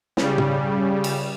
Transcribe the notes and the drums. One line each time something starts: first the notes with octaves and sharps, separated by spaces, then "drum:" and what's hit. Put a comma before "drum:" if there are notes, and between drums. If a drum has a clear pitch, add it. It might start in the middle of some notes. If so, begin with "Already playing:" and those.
C#3 G3, drum: snare
drum: tom
drum: cymbal